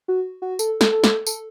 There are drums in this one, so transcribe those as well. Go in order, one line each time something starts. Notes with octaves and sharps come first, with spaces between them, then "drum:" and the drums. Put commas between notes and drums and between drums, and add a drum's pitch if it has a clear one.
F#4
F#4
A4, drum: tambourine
A4, drum: snare
A4
drum: snare
A4, drum: tambourine